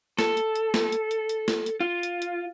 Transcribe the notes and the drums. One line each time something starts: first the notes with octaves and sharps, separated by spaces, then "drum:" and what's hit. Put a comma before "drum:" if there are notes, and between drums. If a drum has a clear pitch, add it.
A4, drum: snare
drum: hi-hat
drum: hi-hat
drum: snare
drum: hi-hat
drum: hi-hat
drum: hi-hat
drum: snare
drum: hi-hat
F4
drum: hi-hat
drum: hi-hat